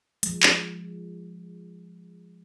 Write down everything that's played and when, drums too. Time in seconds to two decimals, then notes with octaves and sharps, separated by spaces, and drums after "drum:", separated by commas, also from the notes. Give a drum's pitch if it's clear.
0.23 F3 G#3, drum: hi-hat
0.43 drum: clap